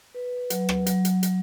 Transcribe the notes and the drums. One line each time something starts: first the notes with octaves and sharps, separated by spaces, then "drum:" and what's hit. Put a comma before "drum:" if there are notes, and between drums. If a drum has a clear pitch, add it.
B4
F#3, drum: hi-hat
drum: rim click
F#3, drum: hi-hat
drum: hi-hat
F#3, drum: hi-hat